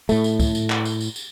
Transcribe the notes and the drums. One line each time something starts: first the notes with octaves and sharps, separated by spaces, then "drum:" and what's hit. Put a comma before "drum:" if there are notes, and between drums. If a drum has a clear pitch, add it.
A2 A3, drum: tambourine
drum: tambourine
drum: kick, tambourine
drum: tambourine
drum: clap
drum: tambourine
drum: tambourine
drum: tambourine